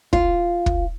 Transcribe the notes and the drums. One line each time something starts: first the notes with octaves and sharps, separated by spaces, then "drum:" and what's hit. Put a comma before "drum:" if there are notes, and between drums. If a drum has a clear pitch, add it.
F4, drum: kick
drum: kick